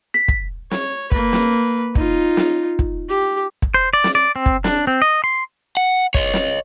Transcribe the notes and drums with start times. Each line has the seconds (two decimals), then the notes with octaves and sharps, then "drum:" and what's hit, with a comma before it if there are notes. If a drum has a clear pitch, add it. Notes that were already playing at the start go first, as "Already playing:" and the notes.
0.14 B6
0.28 drum: kick
0.71 C#5, drum: snare
1.12 A#3 B4, drum: kick
1.33 drum: snare
1.95 D#4 F4, drum: kick
2.37 drum: snare
2.79 drum: kick
3.09 G4
3.62 drum: kick
3.74 C5
3.93 D5
4.04 drum: snare
4.15 D5
4.36 C4
4.46 drum: kick
4.64 D4, drum: snare
4.87 C4
5.02 D#5
5.24 C6
5.77 F#5
6.14 C#5 D#5, drum: kick
6.34 drum: snare